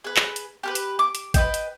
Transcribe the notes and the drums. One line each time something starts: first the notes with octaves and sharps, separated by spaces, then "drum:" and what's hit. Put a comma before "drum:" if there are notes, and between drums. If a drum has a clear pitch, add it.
G#4 B4
drum: clap
drum: hi-hat
G4 A#4 B4
drum: hi-hat
D6
drum: hi-hat
B4 D#5 G5, drum: kick, hi-hat
drum: hi-hat